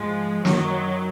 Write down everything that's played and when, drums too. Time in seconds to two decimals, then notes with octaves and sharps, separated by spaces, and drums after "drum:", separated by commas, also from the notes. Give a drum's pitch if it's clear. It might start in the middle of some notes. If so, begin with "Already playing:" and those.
Already playing: G#2 F3 G#3
0.45 F#2 D#3 F#3, drum: snare